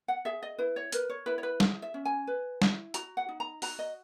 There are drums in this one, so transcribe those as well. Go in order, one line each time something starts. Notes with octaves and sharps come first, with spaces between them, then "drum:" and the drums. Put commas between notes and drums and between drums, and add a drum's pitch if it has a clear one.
F#5
G#4 E5
D#5
E4 B4
C#5
A#4 B4, drum: hi-hat
C#5
E4 B4
C#5
B4
G#4, drum: snare
E5
C#4
G#5
B4
E4, drum: snare
F#4 A#5, drum: hi-hat
F#5
D#4
A#5
F#4 A#5, drum: open hi-hat
D#5